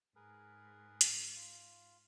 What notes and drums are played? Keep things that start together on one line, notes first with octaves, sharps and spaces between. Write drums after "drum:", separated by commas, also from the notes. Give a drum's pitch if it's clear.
G#2 G#4 A#4 B4
drum: hi-hat
F4